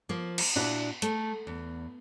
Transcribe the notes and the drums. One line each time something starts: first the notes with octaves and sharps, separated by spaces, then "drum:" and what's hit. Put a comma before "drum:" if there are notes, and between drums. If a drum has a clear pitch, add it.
F3 A#3
drum: cymbal
A#2 D4 E4 F#4
A3, drum: hi-hat
E2